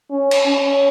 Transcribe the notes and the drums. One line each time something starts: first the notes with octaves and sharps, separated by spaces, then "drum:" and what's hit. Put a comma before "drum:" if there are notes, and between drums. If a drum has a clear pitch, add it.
C#4
drum: cymbal
C#4